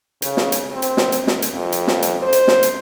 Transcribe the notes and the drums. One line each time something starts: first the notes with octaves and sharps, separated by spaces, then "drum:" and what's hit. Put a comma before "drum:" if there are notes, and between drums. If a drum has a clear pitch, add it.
C#3, drum: hi-hat
drum: snare
drum: hi-hat
C4
drum: hi-hat
drum: snare
drum: hi-hat
drum: snare
drum: hi-hat
F2
drum: hi-hat
drum: snare
drum: hi-hat
C5
drum: hi-hat
drum: snare
drum: hi-hat